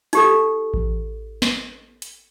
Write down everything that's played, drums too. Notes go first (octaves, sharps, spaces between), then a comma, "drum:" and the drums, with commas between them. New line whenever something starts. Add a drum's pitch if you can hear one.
D#4 G4 A4, drum: hi-hat
drum: kick A1
drum: snare
drum: hi-hat